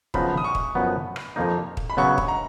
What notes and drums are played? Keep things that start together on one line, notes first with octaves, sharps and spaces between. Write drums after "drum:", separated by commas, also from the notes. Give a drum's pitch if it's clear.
F#2 C#3 F3 B3 D#4 B5, drum: kick
D#6
C#6
drum: kick
F#2 F3 B3 D#4
drum: rim click
F2 F3 A#3 D#4
drum: kick
B5
C#3 F#3 B3 C#6
drum: kick
A#5